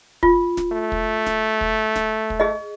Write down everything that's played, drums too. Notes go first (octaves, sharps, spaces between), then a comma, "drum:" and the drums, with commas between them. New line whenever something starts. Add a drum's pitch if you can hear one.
F4, drum: kick
drum: snare
A3
drum: kick
drum: snare
drum: kick
drum: snare
drum: kick
G#4 D#5